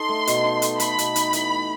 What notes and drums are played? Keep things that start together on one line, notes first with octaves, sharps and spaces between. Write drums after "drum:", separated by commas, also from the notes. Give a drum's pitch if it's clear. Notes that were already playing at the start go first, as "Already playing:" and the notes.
Already playing: D#4 A4 C6
A3
B2, drum: hi-hat
D#4
A4, drum: hi-hat
A3 B5, drum: hi-hat
B2, drum: hi-hat
D#4, drum: hi-hat
E3, drum: hi-hat
A3